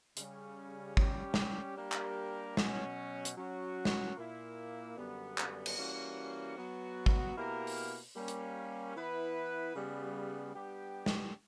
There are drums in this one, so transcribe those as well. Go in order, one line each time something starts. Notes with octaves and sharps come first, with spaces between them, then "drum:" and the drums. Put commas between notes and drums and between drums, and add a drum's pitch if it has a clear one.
C#3 G3 C#4, drum: hi-hat
G3 C#4 G4, drum: kick
drum: snare
G3 A#3 D4 G4 A#4
drum: clap
B2 F#3 C#4, drum: snare
drum: hi-hat
F#3 C#4 F#4
drum: snare
A#2 A#3 E4
F#2 D3 G3 B3
drum: clap
drum: cymbal
E3 G3 A#3 C#4 F#4
F#3 B3 F#4
drum: kick
B2 A#3 E4 G4 A#4
drum: open hi-hat
G3 A#3 C#4
drum: hi-hat
E3 B3 E4 B4
C#3 G3 B3
G3 B3 D4 G4
drum: snare